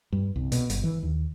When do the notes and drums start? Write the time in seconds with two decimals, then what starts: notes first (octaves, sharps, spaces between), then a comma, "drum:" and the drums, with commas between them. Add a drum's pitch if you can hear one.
0.12 G2
0.36 C2
0.52 B2, drum: hi-hat
0.70 G1, drum: hi-hat
0.83 E3
1.03 D#2